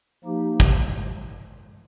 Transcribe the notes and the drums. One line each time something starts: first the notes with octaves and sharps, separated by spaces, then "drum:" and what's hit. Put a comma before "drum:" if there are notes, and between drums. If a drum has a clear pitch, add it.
F3 A#3 D#4 G4
drum: kick